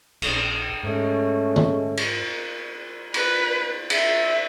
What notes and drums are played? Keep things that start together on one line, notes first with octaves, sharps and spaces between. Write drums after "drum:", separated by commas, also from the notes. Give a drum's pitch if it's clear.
A#1, drum: cymbal
G#2 G#3 A3 C#4
drum: tom D3
drum: cymbal
B4, drum: cymbal
E5, drum: cymbal